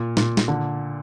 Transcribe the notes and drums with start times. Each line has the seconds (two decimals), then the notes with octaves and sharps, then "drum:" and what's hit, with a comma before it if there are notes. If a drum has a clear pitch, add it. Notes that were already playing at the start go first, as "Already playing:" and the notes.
Already playing: A#2
0.17 A#2, drum: snare
0.37 drum: snare
0.48 D3